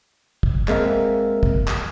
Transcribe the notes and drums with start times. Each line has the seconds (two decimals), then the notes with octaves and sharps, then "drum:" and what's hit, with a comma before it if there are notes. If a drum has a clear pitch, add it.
0.43 drum: kick
0.68 G#3 A#3 C4 A#4 E5, drum: clap
1.43 drum: kick
1.68 drum: clap